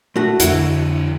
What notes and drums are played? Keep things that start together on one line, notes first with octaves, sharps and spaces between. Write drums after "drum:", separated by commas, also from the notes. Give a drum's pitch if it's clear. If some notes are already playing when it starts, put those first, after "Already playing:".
A3 F#4
F2 D3 E4 F#4 F#5, drum: hi-hat